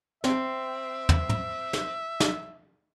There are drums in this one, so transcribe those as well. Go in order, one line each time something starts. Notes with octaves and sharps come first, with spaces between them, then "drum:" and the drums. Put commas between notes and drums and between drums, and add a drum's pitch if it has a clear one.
C4 E5, drum: snare
drum: tom
drum: tom
drum: snare
drum: snare